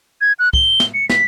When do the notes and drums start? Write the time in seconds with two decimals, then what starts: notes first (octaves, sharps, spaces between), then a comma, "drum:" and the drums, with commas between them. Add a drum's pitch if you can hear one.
0.21 G#6
0.39 F#6
0.53 G7, drum: kick
0.80 drum: snare
0.94 C#7
1.09 B6, drum: snare